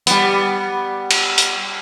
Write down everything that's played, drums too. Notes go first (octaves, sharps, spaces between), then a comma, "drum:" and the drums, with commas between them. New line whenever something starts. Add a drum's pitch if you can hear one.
G3 B3, drum: hi-hat
drum: cymbal
drum: hi-hat